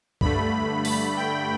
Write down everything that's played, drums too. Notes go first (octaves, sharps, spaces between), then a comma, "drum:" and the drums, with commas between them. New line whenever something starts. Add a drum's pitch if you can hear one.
G2 D3 A3 B5, drum: kick
B5, drum: open hi-hat
G5